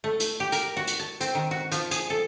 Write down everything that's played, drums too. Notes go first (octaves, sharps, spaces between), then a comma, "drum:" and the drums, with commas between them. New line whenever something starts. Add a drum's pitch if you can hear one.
A3
drum: hi-hat
G4
A#4, drum: hi-hat
F#4
drum: hi-hat
A5
C4, drum: hi-hat
D#3
F#4
F3, drum: hi-hat
G#4, drum: hi-hat
A4